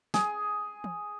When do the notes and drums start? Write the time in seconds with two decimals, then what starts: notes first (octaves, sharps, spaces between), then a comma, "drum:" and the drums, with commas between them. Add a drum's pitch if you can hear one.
0.14 G#4, drum: snare
0.84 drum: tom